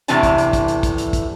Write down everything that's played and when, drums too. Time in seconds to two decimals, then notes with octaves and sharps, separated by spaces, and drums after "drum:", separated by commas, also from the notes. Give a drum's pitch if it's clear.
0.08 E2 A2 C3 E3 D4 A5, drum: hi-hat
0.23 drum: kick, hi-hat
0.38 drum: hi-hat
0.53 drum: kick, hi-hat
0.68 drum: hi-hat
0.83 drum: kick, hi-hat
0.98 drum: hi-hat
1.13 drum: kick, hi-hat